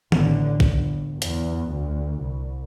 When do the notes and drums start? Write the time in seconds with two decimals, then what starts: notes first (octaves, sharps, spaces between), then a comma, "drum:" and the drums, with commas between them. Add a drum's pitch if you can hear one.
0.12 A1 D3, drum: tom D#3
0.60 drum: kick
0.71 G1
1.22 E2, drum: hi-hat
1.70 D2
2.21 C2